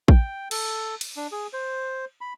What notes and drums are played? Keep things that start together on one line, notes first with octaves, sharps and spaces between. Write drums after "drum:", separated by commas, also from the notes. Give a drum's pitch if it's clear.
G5, drum: kick
A4, drum: cymbal
drum: cymbal
D4
G#4
C5
B5